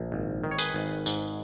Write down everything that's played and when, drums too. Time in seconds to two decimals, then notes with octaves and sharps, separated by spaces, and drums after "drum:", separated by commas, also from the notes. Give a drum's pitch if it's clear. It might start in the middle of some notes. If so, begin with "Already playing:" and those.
Already playing: A#1
0.12 G#1
0.44 D#3
0.51 C#5
0.58 G#4 B4, drum: tambourine
0.74 G#1
1.06 G#2, drum: tambourine